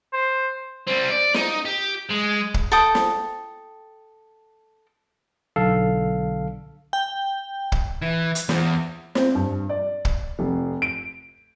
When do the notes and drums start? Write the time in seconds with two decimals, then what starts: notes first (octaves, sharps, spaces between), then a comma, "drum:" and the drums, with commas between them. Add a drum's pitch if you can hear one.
0.13 C5
0.87 G3 C4
1.10 D5
1.34 D#4, drum: snare
1.65 G4
2.09 G#3
2.54 drum: kick
2.72 A4 G5 D#6
2.95 drum: snare
5.56 B1 D3 A4 F5
6.93 G5
7.72 drum: kick
8.02 E3
8.35 drum: hi-hat
8.49 E2, drum: snare
9.15 C4, drum: snare
9.35 G2
9.69 D5
10.05 drum: kick
10.39 F1
10.82 D7